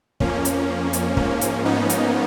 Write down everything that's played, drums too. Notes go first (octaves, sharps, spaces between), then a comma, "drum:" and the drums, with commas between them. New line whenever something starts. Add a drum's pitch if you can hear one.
F2 F3 A#3 C#4, drum: kick
drum: hi-hat
drum: hi-hat
G#2 F3 A#3 C#4, drum: kick
drum: hi-hat
B3 D#4
drum: hi-hat